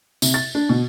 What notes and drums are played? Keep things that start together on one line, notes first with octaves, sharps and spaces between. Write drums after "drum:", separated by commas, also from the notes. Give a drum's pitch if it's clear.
C3, drum: tambourine
A6
D4
B2